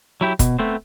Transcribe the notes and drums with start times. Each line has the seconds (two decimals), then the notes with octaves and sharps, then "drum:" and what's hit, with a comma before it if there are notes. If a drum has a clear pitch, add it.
0.21 F#3 E4 G4
0.39 B2, drum: kick, hi-hat
0.59 A3 B3 C4 C5